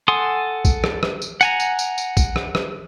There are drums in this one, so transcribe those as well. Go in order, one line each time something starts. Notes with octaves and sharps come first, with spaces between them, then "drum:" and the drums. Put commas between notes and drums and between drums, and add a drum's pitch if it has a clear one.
A4 F#5 G#5 C6 D#6
drum: kick, tambourine
drum: rim click
drum: rim click
drum: tambourine
F#5 G#5 A#5, drum: tambourine
drum: tambourine
drum: tambourine
drum: tambourine
drum: kick, tambourine
drum: rim click
drum: rim click